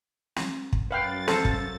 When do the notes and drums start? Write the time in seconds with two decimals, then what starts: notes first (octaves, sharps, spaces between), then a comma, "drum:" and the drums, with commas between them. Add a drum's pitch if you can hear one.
0.36 drum: snare
0.73 drum: kick
0.91 F#2 B4 F5 G5 A6
1.28 A4 C5 F5, drum: snare
1.45 drum: kick